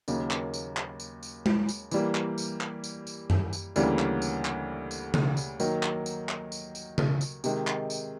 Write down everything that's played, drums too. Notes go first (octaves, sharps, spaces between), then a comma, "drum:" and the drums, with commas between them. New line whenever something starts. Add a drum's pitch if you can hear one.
D#2 C#3 F#3 A#3, drum: tambourine
drum: clap
drum: tambourine
drum: clap
drum: tambourine
drum: tambourine
drum: tom G#3
drum: tambourine
E3 G3 A#3, drum: tambourine
drum: clap
drum: tambourine
drum: clap
drum: tambourine
drum: tambourine
drum: tom F#2
drum: tambourine
D2 C#3 E3 G3 A#3, drum: tambourine
drum: clap
drum: tambourine
drum: clap
drum: tambourine
drum: tom C#3
drum: tambourine
D#3 F#3 A#3, drum: tambourine
drum: clap
drum: tambourine
drum: clap
drum: tambourine
drum: tambourine
drum: tom C#3
drum: tambourine
C3 D#3 G#3, drum: tambourine
drum: clap
drum: tambourine